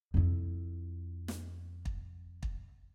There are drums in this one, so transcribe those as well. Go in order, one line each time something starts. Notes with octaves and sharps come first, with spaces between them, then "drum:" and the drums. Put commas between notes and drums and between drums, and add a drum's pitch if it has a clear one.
F2 E4
drum: snare
drum: kick
drum: kick